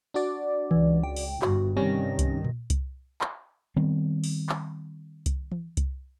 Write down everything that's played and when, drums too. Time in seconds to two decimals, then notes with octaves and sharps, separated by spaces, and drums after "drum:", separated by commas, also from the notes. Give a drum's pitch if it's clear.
0.14 D4 F#4 D5
0.71 C#2 E3
1.04 G5
1.16 drum: open hi-hat
1.42 G1 G2 F#4, drum: clap
1.77 G2 C3 D#3 G3 C#4 A#6
2.19 drum: kick C2, hi-hat
2.44 drum: tom A#2
2.70 drum: kick C2, hi-hat
3.21 drum: clap
3.76 D#3 G3 B3 C4
4.24 drum: open hi-hat
4.49 drum: clap
5.26 drum: kick C2, hi-hat
5.52 drum: tom E3
5.77 drum: kick C2, hi-hat